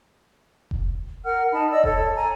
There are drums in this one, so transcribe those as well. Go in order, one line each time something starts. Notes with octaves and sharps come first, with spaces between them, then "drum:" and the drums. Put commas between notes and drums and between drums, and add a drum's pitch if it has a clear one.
drum: kick F1
A#4 F#5 F6
D#4 A5 B5
D5 D#5 E6
A4 C#5, drum: kick F1
G#5 A#5